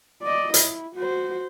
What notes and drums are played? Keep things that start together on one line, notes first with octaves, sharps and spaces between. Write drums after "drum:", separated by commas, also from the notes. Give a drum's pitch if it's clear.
D5 D#5
E4, drum: hi-hat
F#4 C5